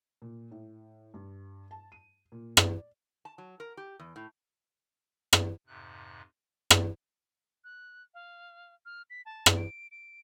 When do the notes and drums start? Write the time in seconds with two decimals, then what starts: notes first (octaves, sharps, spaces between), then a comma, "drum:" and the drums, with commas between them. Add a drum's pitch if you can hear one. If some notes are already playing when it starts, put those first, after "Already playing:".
0.22 A#2
0.51 A2
1.14 G2
1.71 A5
1.92 D#7
2.32 A#2
2.57 drum: rim click
2.69 D5
3.25 A5
3.38 F#3
3.60 A#4
3.77 G4
4.00 E2
4.16 A2
5.33 drum: rim click
5.67 F2 G#2 C3 F#6
6.70 drum: rim click
7.64 F#6
8.14 F5
8.86 F6
9.10 B6
9.26 A5
9.46 drum: rim click
9.56 D7
9.91 D7